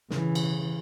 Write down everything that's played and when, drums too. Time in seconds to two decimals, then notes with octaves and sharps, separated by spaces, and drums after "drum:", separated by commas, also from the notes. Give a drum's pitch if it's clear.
0.10 C#3 E3, drum: snare
0.35 drum: cymbal